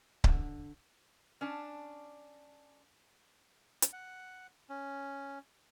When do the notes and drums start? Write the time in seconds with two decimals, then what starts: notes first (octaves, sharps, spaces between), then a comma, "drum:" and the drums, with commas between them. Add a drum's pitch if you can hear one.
0.24 D3, drum: kick C#1
1.41 C#4 D4 A5
3.82 drum: hi-hat
3.93 F#5
4.69 C#4